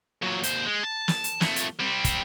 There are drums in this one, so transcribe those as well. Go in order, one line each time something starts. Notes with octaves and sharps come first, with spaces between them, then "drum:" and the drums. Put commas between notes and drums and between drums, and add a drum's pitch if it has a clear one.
A#2 F#3
D#2 C5, drum: hi-hat
G#3
A5
drum: snare
drum: hi-hat
F2 A3, drum: snare
drum: hi-hat
G3 C4
drum: kick, hi-hat